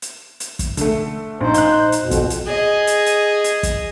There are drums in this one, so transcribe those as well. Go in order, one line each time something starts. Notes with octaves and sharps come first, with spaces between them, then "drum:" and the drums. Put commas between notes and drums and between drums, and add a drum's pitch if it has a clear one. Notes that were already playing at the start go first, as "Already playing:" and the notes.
drum: hi-hat
drum: hi-hat
drum: kick, hi-hat
D3 A3, drum: hi-hat
A#1 D#4 C5
F#6 G6, drum: hi-hat
drum: hi-hat
F2 B2
drum: kick, hi-hat
drum: hi-hat
G#4 D#5
drum: hi-hat
drum: hi-hat
drum: hi-hat
drum: kick, hi-hat